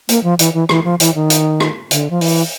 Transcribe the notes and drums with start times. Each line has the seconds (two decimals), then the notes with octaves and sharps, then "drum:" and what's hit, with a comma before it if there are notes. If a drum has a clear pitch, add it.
0.09 A#3, drum: hi-hat
0.24 F3
0.39 E3, drum: hi-hat
0.54 E3
0.69 E3, drum: rim click
0.84 F3
1.00 E3, drum: hi-hat
1.15 D#3
1.30 drum: hi-hat
1.60 drum: rim click
1.91 D3, drum: hi-hat
2.10 F3
2.21 E3, drum: open hi-hat